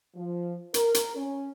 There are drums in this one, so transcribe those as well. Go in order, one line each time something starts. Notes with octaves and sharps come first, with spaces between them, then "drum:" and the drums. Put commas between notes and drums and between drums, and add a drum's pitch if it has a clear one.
F3
A#4, drum: hi-hat
drum: hi-hat
C#4